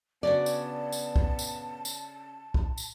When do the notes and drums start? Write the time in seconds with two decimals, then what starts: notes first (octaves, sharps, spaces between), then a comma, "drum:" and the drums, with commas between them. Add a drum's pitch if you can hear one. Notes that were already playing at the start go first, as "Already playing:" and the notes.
0.23 C#3 B3 D4 F#4 D5 A5
0.46 drum: tambourine
0.92 drum: tambourine
1.16 drum: kick
1.39 drum: tambourine
1.85 drum: tambourine
2.54 drum: kick
2.78 drum: tambourine